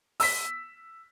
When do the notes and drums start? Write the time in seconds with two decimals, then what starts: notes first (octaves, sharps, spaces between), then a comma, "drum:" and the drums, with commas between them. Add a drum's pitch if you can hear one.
0.20 E6 B6, drum: open hi-hat